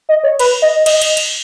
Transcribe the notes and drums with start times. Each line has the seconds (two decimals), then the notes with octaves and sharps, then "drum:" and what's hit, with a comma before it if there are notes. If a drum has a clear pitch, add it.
0.09 D#5
0.24 C#5
0.39 B4, drum: cymbal
0.62 D#5
0.86 D#5, drum: cymbal
1.01 drum: cymbal
1.17 drum: cymbal